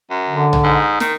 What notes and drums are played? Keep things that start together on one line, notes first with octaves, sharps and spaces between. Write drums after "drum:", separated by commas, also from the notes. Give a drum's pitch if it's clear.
F#2
D3
drum: tom B1
G#2
D#3, drum: snare